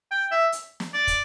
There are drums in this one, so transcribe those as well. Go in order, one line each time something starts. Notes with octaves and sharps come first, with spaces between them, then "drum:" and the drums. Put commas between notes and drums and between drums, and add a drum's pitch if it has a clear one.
G5
E5
drum: hi-hat
drum: snare
D5
drum: kick, hi-hat